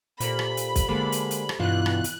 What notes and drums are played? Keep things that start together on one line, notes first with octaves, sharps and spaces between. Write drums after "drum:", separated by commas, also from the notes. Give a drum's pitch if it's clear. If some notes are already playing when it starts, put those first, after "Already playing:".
A#2 G4 A4 C5 B5, drum: hi-hat
drum: rim click
drum: hi-hat
drum: kick, hi-hat
D3 G#3 A#3
drum: hi-hat
drum: hi-hat
drum: rim click
G2 B2 E3 E4 F4 F#6
drum: rim click
drum: hi-hat